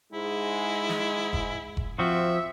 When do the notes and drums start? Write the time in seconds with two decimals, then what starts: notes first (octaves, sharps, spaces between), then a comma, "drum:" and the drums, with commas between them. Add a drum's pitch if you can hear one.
0.12 G#2 G#3 E4
0.89 drum: snare
1.33 drum: kick F1
1.77 drum: kick F1
1.99 F3 C4 F#4 E5